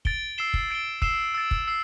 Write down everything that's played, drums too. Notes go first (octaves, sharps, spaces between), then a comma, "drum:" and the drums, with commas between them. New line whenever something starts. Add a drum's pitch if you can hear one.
A6 D7 G7, drum: kick
E6 C7 E7 G7
drum: kick
A6 D7 G7
E6 C7 E7 G7, drum: kick
E6 A6 D7
drum: kick
E6 C7